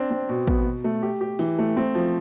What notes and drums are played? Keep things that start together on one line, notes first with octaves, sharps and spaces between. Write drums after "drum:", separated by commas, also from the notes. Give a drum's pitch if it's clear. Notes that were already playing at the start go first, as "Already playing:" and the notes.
Already playing: C4 D4
C4
B2
B3, drum: kick
B2
A3
G4
G4
E3, drum: open hi-hat
A3
C4
F3